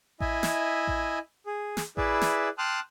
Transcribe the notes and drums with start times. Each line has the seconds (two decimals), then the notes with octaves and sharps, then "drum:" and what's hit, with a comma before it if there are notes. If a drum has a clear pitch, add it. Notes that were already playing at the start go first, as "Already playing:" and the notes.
0.20 E4 D#5 E5 G#5, drum: kick A1
0.43 drum: snare
0.87 drum: kick A1
1.46 G#4
1.77 drum: snare
1.97 E4 G#4 B4 D5 E5, drum: kick A1
2.21 drum: snare
2.58 G5 A5 C6 D#6 F6 F#6